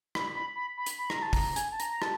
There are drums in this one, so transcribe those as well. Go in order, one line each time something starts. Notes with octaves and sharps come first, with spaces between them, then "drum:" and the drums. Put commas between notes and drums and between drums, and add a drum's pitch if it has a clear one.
B5, drum: rim click
B5
B5
B5
drum: hi-hat
B5
A#5, drum: rim click
A5
A#5, drum: kick, open hi-hat
G#5, drum: hi-hat
A5
A#5, drum: hi-hat
A#5
A5, drum: rim click